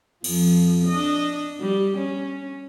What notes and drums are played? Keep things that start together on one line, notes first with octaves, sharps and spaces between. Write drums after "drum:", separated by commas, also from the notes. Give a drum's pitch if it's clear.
F2 F3, drum: cymbal
D4 D#5
G3
C#4